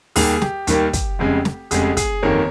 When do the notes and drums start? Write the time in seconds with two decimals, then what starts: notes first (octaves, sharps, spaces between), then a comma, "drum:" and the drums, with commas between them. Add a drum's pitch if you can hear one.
0.16 D#2 D#3 G3 A#3 G#4, drum: open hi-hat
0.42 G4, drum: snare
0.67 D#2 D#3 G3 A#3, drum: hi-hat
0.93 drum: kick, hi-hat
1.19 F1 F2 C#3 G#3
1.45 drum: snare
1.71 F1 F2 C#3 G#3 G#4, drum: hi-hat
1.97 G#4, drum: kick, hi-hat
2.23 G1 F2 D#3 A#3 A#4 C#5